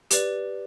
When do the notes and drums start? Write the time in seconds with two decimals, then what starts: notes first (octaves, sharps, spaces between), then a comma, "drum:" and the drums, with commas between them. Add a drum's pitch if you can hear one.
0.11 G4 B4 D5, drum: hi-hat